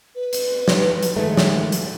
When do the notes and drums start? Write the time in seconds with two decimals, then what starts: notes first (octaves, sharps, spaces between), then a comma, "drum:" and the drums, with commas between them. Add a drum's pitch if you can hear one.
0.15 B4
0.33 drum: hi-hat
0.68 drum: snare
1.03 drum: hi-hat
1.16 D#3 G#3 A3
1.37 drum: snare
1.72 drum: hi-hat